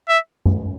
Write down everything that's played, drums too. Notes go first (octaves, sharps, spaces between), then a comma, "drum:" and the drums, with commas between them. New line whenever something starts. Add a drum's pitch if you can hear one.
E5
drum: tom F#2